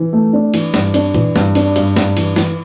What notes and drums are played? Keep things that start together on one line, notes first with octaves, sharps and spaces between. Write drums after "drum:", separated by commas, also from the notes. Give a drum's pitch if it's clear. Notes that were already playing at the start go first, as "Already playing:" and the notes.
Already playing: E3
A3
D4
E3, drum: cymbal
G2, drum: snare
D4, drum: cymbal
E3, drum: tom
G2, drum: snare
D4, drum: cymbal
G2, drum: cymbal
G2, drum: snare
E3, drum: cymbal
E3, drum: snare